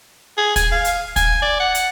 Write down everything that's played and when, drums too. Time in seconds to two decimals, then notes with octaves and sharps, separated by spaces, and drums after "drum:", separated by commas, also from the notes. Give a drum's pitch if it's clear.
0.38 G#4
0.56 G#5, drum: kick, hi-hat
0.71 F5
0.85 drum: hi-hat
1.16 G#5, drum: kick, hi-hat
1.42 D5
1.60 F#5
1.75 drum: hi-hat